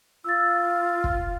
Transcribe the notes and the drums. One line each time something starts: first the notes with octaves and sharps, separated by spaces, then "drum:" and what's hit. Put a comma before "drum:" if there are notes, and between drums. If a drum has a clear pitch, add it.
F4 E6 A6
drum: kick